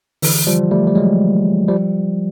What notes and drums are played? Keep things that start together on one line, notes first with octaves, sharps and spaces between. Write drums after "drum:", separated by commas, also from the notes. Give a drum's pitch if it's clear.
D3 E3, drum: open hi-hat
F3 G3
G3 A3
G3
F#3 G#3
F3 G3